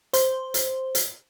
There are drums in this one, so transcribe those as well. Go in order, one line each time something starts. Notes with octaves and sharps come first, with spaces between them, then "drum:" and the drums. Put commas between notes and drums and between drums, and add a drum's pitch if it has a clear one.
C5, drum: hi-hat
drum: hi-hat
drum: hi-hat